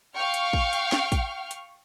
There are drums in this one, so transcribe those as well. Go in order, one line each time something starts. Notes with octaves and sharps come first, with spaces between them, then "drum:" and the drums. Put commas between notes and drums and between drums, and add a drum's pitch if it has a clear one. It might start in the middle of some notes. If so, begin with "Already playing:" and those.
F5 G5 C#6 F6
drum: hi-hat
drum: kick
drum: hi-hat
drum: snare
drum: kick, hi-hat
drum: hi-hat